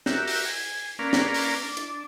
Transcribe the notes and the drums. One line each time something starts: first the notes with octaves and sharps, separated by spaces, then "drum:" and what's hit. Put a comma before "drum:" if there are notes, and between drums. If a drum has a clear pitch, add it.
F#4 G4 A#4 E5, drum: snare
drum: open hi-hat
G#5
A#3 C#4 A#4 B4 D5 F5
drum: snare
drum: open hi-hat
D4
drum: hi-hat